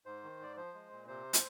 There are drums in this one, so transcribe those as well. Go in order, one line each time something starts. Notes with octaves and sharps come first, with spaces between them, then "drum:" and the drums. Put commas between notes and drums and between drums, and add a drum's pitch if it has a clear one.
G#2 C5
D#3
G#2 D5
F3 C5
G#3
A#2
C3 C5
drum: hi-hat